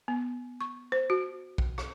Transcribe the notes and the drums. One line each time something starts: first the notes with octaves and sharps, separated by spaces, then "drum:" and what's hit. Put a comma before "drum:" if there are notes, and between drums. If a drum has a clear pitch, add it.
B3
C#6
C5
F#4
drum: kick
drum: rim click